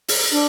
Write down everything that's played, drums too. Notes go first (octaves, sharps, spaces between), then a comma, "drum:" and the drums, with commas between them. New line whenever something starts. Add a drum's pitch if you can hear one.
drum: open hi-hat
D4